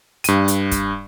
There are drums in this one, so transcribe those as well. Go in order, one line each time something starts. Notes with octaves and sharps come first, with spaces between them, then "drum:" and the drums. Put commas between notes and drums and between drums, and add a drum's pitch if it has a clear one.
G2 D#7, drum: hi-hat
drum: hi-hat
drum: kick, hi-hat